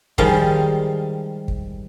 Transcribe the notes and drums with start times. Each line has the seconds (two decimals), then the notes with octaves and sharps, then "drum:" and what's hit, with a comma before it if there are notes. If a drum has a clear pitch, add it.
0.18 D#3 F3 G3 G#3 F5 C6, drum: kick
1.48 drum: kick